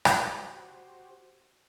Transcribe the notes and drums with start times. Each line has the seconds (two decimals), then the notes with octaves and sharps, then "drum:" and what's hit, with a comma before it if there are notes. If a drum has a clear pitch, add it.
0.05 F#4 G4 C5, drum: rim click